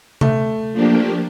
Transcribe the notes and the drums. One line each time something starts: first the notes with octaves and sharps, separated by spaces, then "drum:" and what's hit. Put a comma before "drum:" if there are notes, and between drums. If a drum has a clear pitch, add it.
A3, drum: tom C3
F3 A#3 D4 G4